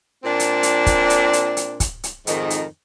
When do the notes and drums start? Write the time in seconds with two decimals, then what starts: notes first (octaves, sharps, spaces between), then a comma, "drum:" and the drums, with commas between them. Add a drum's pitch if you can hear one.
0.24 A#2 C4 D4
0.40 drum: hi-hat
0.63 drum: hi-hat
0.86 drum: kick, hi-hat
1.10 drum: hi-hat
1.33 drum: hi-hat
1.57 drum: hi-hat
1.80 drum: kick, hi-hat
2.04 drum: hi-hat
2.27 F2 G#2 D#3, drum: hi-hat
2.50 drum: hi-hat